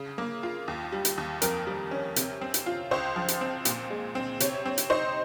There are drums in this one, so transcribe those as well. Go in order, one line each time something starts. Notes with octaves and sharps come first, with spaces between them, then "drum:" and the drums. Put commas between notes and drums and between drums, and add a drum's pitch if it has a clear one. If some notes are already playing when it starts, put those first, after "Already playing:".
Already playing: C#3
A#3
F4
D#2
G3
drum: hi-hat
D#2
F2 A#4, drum: hi-hat
G3
C#4
C3, drum: hi-hat
C4
drum: hi-hat
F4
C#2 C5
F3
drum: hi-hat
C4
A#2, drum: hi-hat
G#3
C4
C3 C#5, drum: hi-hat
C4
drum: hi-hat
D#4 C5